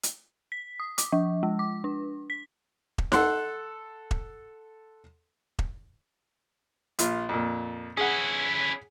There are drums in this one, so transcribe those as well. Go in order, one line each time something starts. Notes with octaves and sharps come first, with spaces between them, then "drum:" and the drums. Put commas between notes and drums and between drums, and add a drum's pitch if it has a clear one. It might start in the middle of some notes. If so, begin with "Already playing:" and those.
drum: hi-hat
B6
D#6
D6, drum: hi-hat
F3
G#3
D6
D4
B6
drum: kick E1
A4 F#5 C6 F#6, drum: snare D#4
drum: kick E1
drum: kick E1
A#1 F4, drum: hi-hat
F2 A#2
C#4 E4 G#4 F#5